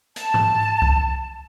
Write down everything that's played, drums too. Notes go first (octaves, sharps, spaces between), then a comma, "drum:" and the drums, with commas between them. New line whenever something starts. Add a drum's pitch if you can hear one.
A5, drum: hi-hat
drum: tom G#2
drum: kick C2